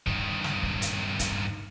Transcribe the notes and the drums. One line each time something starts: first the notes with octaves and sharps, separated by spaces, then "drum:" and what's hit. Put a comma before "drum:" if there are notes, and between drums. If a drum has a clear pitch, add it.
G2 D#3, drum: kick
drum: snare
drum: kick
drum: hi-hat
drum: kick, hi-hat